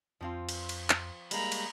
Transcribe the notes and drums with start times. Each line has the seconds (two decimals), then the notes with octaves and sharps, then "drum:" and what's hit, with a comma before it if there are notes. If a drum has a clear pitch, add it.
0.21 F2 F3 C4 F4
0.49 drum: cymbal
0.69 drum: cymbal
0.90 drum: clap
1.31 G3 G#3 A#3 A#5 B5, drum: cymbal
1.52 drum: cymbal